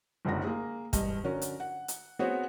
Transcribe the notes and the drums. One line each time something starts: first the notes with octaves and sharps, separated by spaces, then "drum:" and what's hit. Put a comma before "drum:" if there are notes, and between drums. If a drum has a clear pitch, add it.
F#1 C#2 F#2 D3 A#6
A#3 G#4
E1 G2 D#5, drum: kick, hi-hat
D3 F#3 C#4 A#4
drum: hi-hat
F#5
drum: hi-hat
B3 C4 F#4 G#4 C5 C#5